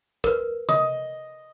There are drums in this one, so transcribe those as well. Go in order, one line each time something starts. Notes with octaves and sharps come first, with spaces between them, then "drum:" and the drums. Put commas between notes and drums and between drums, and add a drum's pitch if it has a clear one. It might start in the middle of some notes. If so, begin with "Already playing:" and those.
A#4 B4, drum: kick
D#5 D#6, drum: tom C3